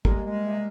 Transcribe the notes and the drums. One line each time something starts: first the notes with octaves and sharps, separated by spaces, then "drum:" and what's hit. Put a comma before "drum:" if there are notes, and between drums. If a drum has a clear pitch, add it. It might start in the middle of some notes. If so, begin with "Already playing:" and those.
G3 G#3 A#3, drum: kick
G#3
C3